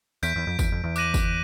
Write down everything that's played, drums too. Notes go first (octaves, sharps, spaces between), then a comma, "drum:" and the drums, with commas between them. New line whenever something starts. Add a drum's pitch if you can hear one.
E2 G6 B6 D7, drum: tambourine
E2
F2
E2 G6 B6 D7, drum: kick G1, tambourine
F2
E2
D6 F#6 A#6 D#7 F#7, drum: tambourine
drum: kick G1, tambourine